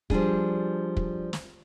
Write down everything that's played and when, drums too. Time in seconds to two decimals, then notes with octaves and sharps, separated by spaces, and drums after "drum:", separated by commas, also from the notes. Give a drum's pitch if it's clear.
0.10 F3 G3 D4 G#4, drum: kick
0.97 drum: kick
1.33 drum: snare